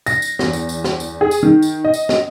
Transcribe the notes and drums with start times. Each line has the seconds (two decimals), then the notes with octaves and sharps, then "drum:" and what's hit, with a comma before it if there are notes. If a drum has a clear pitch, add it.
0.07 A#6, drum: tambourine
0.22 drum: tambourine
0.39 E2, drum: snare
0.53 drum: tambourine
0.69 drum: tambourine
0.84 drum: snare
1.00 drum: tambourine
1.21 G#4
1.31 drum: tambourine
1.43 D#3
1.62 drum: tambourine
1.85 D#5
1.94 drum: tambourine
2.09 drum: snare